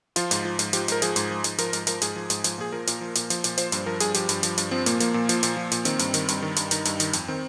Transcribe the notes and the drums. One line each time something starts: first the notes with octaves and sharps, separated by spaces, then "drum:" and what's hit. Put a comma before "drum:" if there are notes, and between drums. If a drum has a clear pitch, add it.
F3 F4, drum: hi-hat
G#2, drum: hi-hat
F3
G#2, drum: hi-hat
F3 G4, drum: hi-hat
G#2 A#4, drum: hi-hat
F3 G#4, drum: hi-hat
G#2, drum: hi-hat
F3
G#2, drum: hi-hat
F3 A#4, drum: hi-hat
G#2, drum: hi-hat
F3 A#4, drum: hi-hat
G#2 G#4, drum: hi-hat
F3
G#2, drum: hi-hat
F3, drum: hi-hat
A#2 G#4
F3 A#4
A#2, drum: hi-hat
F3
A#2, drum: hi-hat
F3, drum: hi-hat
A#2, drum: hi-hat
F3 C5, drum: hi-hat
G2, drum: hi-hat
F3 A#4
G2 G#4, drum: hi-hat
F3 G4, drum: hi-hat
G2, drum: hi-hat
F3, drum: hi-hat
G2, drum: hi-hat
F3 C4
A#2 A#3, drum: hi-hat
F3 A#3, drum: hi-hat
A#2
F3, drum: hi-hat
A#2, drum: hi-hat
F3
A#2, drum: hi-hat
D#3 C4, drum: hi-hat
G2, drum: hi-hat
D#3, drum: hi-hat
G2, drum: hi-hat
D#3
G2, drum: hi-hat
D#3 D#4, drum: hi-hat
G2, drum: hi-hat
D#3, drum: hi-hat
F2, drum: hi-hat
D#3 C4